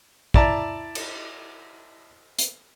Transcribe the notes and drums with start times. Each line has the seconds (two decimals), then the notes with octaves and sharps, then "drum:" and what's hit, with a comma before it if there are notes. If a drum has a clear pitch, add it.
0.34 E4 D5 A5 A#5, drum: kick
0.95 drum: cymbal
2.38 drum: hi-hat